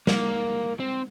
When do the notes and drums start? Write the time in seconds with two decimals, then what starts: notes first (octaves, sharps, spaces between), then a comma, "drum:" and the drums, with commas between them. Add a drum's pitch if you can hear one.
0.07 A#3, drum: snare
0.80 C4